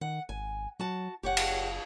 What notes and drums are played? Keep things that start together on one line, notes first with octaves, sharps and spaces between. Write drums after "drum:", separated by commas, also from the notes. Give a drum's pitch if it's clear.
D#3 F#5
G#1 G#5
F#3 F#4 A5
F#1 G4 C#5 F#5
drum: cymbal